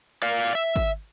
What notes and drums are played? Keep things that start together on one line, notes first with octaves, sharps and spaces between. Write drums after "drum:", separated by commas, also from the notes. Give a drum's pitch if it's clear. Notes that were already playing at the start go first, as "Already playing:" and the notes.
D5 F5
E5
drum: kick G#1